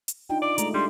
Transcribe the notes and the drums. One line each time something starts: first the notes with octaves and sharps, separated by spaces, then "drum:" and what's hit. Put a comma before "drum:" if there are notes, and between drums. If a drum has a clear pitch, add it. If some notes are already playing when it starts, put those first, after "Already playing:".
drum: hi-hat
D4 D#4 F4 G5
D5 D6
G#3 A3 A#5, drum: hi-hat
G3 D4 C6